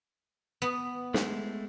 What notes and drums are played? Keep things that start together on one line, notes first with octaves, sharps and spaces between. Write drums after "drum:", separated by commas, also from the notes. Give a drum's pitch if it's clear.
B3
G#3 A3, drum: snare